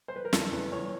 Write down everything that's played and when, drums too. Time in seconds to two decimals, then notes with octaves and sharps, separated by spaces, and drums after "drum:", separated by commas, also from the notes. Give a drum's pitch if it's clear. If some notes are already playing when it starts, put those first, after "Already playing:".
0.08 C5
0.16 B4
0.25 A#4
0.33 E2 A4, drum: snare
0.52 E2 B4
0.72 E2 C#5